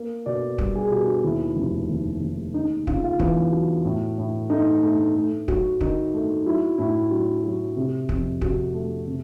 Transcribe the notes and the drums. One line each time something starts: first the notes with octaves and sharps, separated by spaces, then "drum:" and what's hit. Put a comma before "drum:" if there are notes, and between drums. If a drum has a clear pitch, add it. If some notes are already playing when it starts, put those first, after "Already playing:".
Already playing: A#3
B2 D5
G3, drum: kick
G#4
B2 G4
F#4
D#2 E4
F1
D#2
D#2
C#3 D#4
C#3 F4, drum: kick
F4
E2 E4, drum: kick
F#3
A2
A2
A3 D#4
A3
A3
F#3, drum: kick
D#3 D#4, drum: kick
A3
F#3 E4
A2 E4
F#3
F#3
C3
F2, drum: kick
C3 F#4, drum: kick
A3
C3